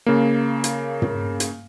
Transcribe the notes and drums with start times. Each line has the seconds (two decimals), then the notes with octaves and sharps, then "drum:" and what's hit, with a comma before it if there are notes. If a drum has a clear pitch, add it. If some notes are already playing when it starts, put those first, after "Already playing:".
0.06 C#3 A#3
0.64 drum: hi-hat
1.02 drum: tom
1.40 drum: hi-hat